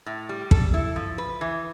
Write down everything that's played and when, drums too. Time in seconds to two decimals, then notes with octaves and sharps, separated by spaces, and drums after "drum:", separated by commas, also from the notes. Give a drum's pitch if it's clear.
0.06 A2
0.29 G3
0.51 A4, drum: kick
0.74 E4
0.96 F3
1.18 B4
1.41 E3